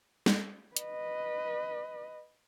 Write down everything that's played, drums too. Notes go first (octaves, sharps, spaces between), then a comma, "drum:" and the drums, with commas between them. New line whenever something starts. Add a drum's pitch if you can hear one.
drum: snare
B4 D#5, drum: hi-hat